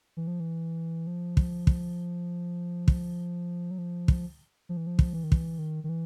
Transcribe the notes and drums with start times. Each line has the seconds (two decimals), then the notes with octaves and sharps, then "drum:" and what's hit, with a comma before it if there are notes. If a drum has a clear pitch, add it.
0.17 E3
0.27 F3
0.40 E3
1.07 F3
1.37 drum: kick
1.67 drum: kick
2.88 drum: kick
3.71 F#3
3.78 F3
4.08 drum: kick
4.69 F3
4.77 E3
4.87 F3
4.99 drum: kick
5.13 E3
5.24 D#3
5.32 E3, drum: kick
5.58 D#3
5.84 D#3
5.89 E3